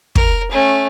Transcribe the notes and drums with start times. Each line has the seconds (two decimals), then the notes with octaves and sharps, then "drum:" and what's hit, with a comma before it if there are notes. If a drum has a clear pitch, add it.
0.15 A#4, drum: kick
0.51 A3 C#4